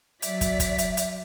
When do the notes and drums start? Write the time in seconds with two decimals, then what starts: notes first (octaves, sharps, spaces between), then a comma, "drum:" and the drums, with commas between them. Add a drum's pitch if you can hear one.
0.22 F#3 D5 E5 B6, drum: hi-hat
0.41 drum: kick, hi-hat
0.60 drum: kick, hi-hat
0.78 drum: hi-hat
0.97 drum: hi-hat